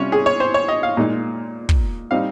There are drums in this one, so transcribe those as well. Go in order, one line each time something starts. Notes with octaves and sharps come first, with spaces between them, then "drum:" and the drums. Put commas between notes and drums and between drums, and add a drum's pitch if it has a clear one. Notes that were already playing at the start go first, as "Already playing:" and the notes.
Already playing: C3 G3 C#4 F4 C#5
G#4
C#5
C5
C#5
D#5
F5
A#2 G#3 D#4
drum: kick
G3 C4 D#4 F5